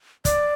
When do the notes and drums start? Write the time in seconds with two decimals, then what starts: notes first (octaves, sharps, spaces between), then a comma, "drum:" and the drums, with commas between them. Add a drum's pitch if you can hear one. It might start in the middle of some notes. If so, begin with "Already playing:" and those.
0.25 D5, drum: kick, hi-hat